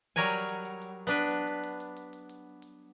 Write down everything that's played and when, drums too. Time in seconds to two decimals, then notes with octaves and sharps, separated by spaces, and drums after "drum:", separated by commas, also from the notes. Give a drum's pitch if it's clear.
0.16 F#3 G3 A#4 C#5 G#5, drum: hi-hat
0.32 drum: open hi-hat
0.49 drum: hi-hat
0.65 drum: hi-hat
0.82 drum: hi-hat
1.07 B3 D4 B4
1.31 drum: hi-hat
1.47 drum: hi-hat
1.64 drum: open hi-hat
1.80 drum: hi-hat
1.97 drum: hi-hat
2.13 drum: hi-hat
2.29 drum: hi-hat
2.62 drum: hi-hat